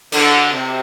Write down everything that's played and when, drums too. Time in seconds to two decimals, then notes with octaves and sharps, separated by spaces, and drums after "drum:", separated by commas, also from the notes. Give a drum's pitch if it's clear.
0.12 D3, drum: cymbal
0.52 C3